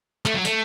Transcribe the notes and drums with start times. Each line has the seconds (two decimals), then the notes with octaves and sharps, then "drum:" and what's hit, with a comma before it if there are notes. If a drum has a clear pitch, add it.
0.26 A3, drum: clap
0.34 F#3
0.45 A3, drum: hi-hat